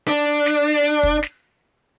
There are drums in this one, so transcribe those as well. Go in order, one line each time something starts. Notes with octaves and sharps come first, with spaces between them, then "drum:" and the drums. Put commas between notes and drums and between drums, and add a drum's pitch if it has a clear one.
D4
drum: snare
drum: kick
drum: snare